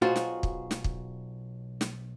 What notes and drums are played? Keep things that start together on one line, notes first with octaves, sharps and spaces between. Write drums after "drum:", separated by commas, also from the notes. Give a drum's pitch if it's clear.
B1 F4 F#4 G#4 C5
drum: snare
drum: kick
drum: snare
drum: kick
drum: snare